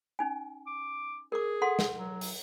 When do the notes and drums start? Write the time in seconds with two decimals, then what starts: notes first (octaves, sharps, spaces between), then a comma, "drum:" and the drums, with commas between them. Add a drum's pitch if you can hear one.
0.19 C#4 D#4 G#5
0.67 D6
1.32 G#4 A#4 D6
1.62 A4 F#5 C6
1.79 drum: snare
1.97 F#3
2.21 drum: open hi-hat